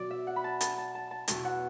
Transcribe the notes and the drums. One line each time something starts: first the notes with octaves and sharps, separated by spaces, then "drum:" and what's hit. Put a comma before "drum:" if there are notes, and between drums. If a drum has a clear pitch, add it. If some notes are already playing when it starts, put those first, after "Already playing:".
Already playing: B2 F#3 D5
E5
F#5
B5
A5
A5, drum: hi-hat
A5
A5
A5
E2 B2 F#3 A5, drum: hi-hat
F#5